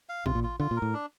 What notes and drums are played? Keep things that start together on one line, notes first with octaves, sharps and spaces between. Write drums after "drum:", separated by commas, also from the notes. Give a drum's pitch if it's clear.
F5
C3 F4, drum: kick A1
A#2
F4
D3 F4
A#2
A#4
A2
D4